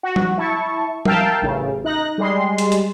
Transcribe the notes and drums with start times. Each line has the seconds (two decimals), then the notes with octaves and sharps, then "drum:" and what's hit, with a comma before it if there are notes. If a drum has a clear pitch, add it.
0.03 F#4
0.16 drum: tom F3
0.38 E4 A5 C#6
1.05 A#4 E5 F5 G5 A5, drum: tom F3
1.42 A1 C#3
1.85 D#4 F#6 A#6
2.18 G3 G#3 C6
2.58 drum: hi-hat
2.72 drum: hi-hat